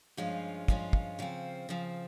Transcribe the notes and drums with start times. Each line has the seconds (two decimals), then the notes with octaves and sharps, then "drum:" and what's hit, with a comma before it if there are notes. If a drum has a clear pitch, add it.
0.17 G2 F3 G#3 C#4 F4
0.68 G2 F3 G#3 C#4 F4, drum: kick
0.93 drum: kick
1.19 C#3 F3 C4
1.69 C#3 F3 C4